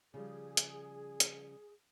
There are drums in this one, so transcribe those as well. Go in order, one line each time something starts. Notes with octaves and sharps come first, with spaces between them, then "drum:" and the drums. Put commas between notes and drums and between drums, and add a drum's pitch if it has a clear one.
C#3 F3 G3 G#4
drum: hi-hat
drum: hi-hat